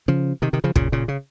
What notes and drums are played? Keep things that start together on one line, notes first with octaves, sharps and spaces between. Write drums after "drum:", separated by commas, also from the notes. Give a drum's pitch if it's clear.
C#3 F3
C3 D#3
C3 D#3
C#3 F3
A#2 C#3, drum: kick
A#2 C#3
C#3